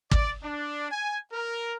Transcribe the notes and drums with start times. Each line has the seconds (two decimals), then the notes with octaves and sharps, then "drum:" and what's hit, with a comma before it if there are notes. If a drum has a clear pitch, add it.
0.11 D5, drum: kick
0.43 D4
0.91 G#5
1.33 A#4